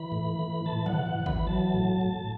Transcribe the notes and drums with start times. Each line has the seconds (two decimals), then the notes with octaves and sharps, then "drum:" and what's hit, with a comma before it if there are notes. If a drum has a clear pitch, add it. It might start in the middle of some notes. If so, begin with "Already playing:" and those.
Already playing: E3 B5
0.12 A2
0.39 E3
0.65 E3 A5
0.86 F#5, drum: tom
0.93 E3
1.06 F#5
1.20 E3
1.26 B5, drum: kick G#1
1.47 F#3 A5
1.74 A2
2.01 A2